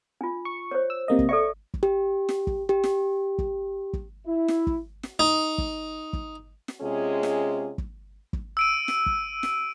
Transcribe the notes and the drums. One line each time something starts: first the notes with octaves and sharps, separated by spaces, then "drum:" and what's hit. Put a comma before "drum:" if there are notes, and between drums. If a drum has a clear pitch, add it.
D4 F4
C#6
C5 C#5
E6
C3 A#3 D#5
drum: kick
A4 D5 E5 C#6
drum: kick
G4
drum: snare
drum: kick
G4
drum: snare
drum: kick
drum: kick
E4
drum: snare
drum: kick
drum: snare
D#4
drum: kick
drum: kick
drum: snare
C3 G#3 C#4 F4 G#4
drum: snare
drum: kick
drum: kick
E6 D7 D#7
drum: snare
drum: kick
drum: snare